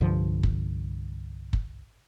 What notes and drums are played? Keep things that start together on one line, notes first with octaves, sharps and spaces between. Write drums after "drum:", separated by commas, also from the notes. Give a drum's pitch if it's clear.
C2 G2 D3 F3
drum: kick
drum: kick